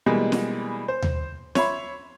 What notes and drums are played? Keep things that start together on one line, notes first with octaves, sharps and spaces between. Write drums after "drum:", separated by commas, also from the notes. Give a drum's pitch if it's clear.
B2 E3 G3 G#3 A#3
drum: snare
C5
drum: tom D#2
C#5 E5 B5 C6, drum: snare